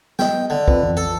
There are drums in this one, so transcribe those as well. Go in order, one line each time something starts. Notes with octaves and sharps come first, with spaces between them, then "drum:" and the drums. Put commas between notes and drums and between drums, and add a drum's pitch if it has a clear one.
B3 D#5 G5, drum: snare
D3
C4 F4 B4, drum: kick
F2 E3
A4